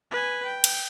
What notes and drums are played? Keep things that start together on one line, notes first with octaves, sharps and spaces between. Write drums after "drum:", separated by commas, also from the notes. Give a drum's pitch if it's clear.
B4 G#5
G5
drum: cymbal